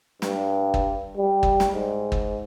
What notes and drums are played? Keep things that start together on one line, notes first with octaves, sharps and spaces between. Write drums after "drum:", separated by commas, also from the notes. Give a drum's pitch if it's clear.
G2, drum: snare
drum: kick
G3
drum: kick
drum: snare
G#2
drum: kick